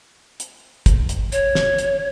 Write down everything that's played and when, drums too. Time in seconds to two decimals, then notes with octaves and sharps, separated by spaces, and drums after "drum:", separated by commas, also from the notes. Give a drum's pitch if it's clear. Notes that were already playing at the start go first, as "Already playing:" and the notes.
0.40 drum: hi-hat
0.86 drum: kick, hi-hat
1.09 drum: hi-hat
1.32 C#5, drum: hi-hat
1.55 drum: snare
1.78 drum: hi-hat